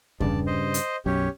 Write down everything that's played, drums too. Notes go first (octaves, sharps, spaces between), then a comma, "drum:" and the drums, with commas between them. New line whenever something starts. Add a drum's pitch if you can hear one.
G2 C#3 G3 D5 A5, drum: kick E2
C5 D#5
drum: hi-hat
B1 F#2 C#4 G4 C#5